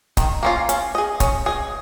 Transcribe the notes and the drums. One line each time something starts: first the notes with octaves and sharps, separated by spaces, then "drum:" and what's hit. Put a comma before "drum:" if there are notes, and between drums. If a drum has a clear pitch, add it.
D#3, drum: kick, hi-hat
A#3 C#4 F4
C#4, drum: hi-hat
G#4 D#5
C#4, drum: kick, hi-hat
G#4 D#5